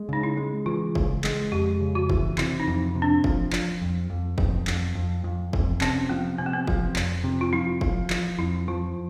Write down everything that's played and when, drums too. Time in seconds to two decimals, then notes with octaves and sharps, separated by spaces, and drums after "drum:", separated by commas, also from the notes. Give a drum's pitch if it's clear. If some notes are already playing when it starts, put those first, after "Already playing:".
Already playing: G#3
0.09 C#3 D#4
0.23 E4
0.37 G#3
0.66 E3 F4
0.95 C#3, drum: kick
1.24 G#3, drum: clap
1.52 F2 G4
1.80 C#3
1.95 F#4
2.10 E3, drum: kick
2.38 C3 E4, drum: clap
2.60 D#4
2.67 F2
2.95 C3
3.02 D4
3.24 F3, drum: kick
3.53 F3, drum: clap
3.82 F2
4.10 F2
4.38 F2, drum: kick
4.67 F2, drum: clap
4.95 F2
5.24 F2
5.53 F2, drum: kick
5.81 C3 C#4, drum: clap
6.09 F3 B3
6.38 C3 C4
6.46 B3
6.53 C4
6.67 F3, drum: kick
6.96 F2, drum: clap
7.24 C3
7.41 F4
7.53 F3 E4
7.81 F3, drum: kick
8.10 F3, drum: clap
8.39 F2 E4
8.68 F3 F4